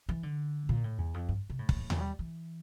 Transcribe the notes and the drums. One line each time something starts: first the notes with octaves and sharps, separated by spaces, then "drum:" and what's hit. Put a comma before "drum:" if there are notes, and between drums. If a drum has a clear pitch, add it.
E3
D3
A#2
A2
E2
F2
G2
C3
A2
drum: kick
A#2, drum: tom D#2
G3
E3